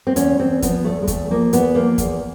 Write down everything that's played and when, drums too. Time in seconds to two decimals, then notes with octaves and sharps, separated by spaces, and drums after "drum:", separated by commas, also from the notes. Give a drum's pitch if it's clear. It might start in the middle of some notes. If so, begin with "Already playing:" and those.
0.07 C4
0.16 E2 C#4, drum: hi-hat
0.39 E2 C4
0.62 F3 B3, drum: kick, hi-hat
0.85 E2 A3
1.02 G#3
1.07 E2 A3, drum: kick, hi-hat
1.31 F3 A#3
1.53 E2 B3, drum: hi-hat
1.75 F3 A#3
1.98 E2, drum: kick, hi-hat